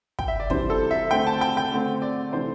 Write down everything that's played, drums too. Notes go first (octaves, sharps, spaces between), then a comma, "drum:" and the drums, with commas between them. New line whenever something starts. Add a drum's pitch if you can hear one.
G5, drum: kick
E5
D5
C3 E3 G3 C5, drum: kick
A4
E5
D3 A3 C4 G5
A5
G5
G5
D3 A3 C4
D5
C3 E3 A3 C5